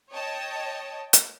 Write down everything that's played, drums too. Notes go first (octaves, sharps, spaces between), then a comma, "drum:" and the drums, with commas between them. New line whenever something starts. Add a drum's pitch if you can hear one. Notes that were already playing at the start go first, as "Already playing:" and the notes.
C#5 D#5 G5 A5
drum: hi-hat